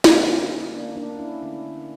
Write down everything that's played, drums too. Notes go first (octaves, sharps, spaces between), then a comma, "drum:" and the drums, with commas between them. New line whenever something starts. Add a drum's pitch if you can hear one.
D3 A3 A#3, drum: snare
C#4
A#3
C#4
A#3 D4
A#3 D4
C#4 E4
D3 A3 C#4 E4